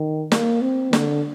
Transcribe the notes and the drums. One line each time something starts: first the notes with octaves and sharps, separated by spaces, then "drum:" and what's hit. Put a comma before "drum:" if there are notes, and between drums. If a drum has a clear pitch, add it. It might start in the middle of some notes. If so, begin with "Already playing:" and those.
Already playing: D#3
A#3, drum: snare
C4
D3, drum: snare